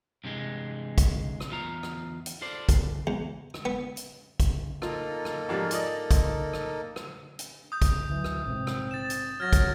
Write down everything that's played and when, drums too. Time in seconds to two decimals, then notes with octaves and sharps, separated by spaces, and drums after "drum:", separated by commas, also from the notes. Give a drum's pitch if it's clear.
0.24 G2 C3 E3 G#3
0.98 drum: kick, hi-hat
1.40 drum: rim click
1.51 E2 F4 A#5
1.83 drum: rim click
2.26 drum: hi-hat
2.41 F4 A4 C5 D5
2.69 drum: kick, hi-hat
3.07 E2
3.54 drum: rim click
3.65 B3
3.97 drum: hi-hat
4.40 drum: kick, hi-hat
4.82 A#3 D#4 F4 A4, drum: rim click
5.25 drum: rim click
5.49 G#2 F3 G3
5.71 F4 D5 D#5, drum: hi-hat
6.11 drum: kick, hi-hat
6.53 drum: rim click
6.96 drum: rim click
7.39 drum: hi-hat
7.72 D#6 G6
7.82 drum: kick, hi-hat
8.10 D2 E3 F#3
8.24 drum: rim click
8.46 A#1 G#2 C3 C4
8.67 drum: rim click
8.91 A6 E7
9.10 drum: hi-hat
9.40 F#3 F6 G#6 A#6
9.53 drum: kick, hi-hat